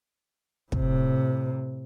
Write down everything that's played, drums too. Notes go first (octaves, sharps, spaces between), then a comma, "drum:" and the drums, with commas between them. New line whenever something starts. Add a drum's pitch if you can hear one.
A2 C3, drum: kick